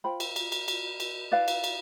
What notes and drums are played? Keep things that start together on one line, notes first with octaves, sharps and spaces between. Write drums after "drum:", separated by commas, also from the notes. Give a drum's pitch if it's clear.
F4 C5 G5 B5
drum: cymbal
drum: cymbal
drum: cymbal
drum: cymbal
drum: cymbal
E4 B4 D5 F5
drum: cymbal
drum: cymbal